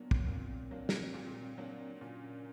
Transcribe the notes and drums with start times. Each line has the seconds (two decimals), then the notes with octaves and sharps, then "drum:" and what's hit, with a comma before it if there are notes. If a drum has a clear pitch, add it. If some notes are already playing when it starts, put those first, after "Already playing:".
Already playing: A#2 F#3 A#3 B3 D4
0.11 drum: kick
0.27 A#2 C4
0.71 F#3 A#3 D4
0.89 drum: snare
1.14 A#2
1.58 F#3 A#3 D4
1.96 C4
2.01 A#2 C#4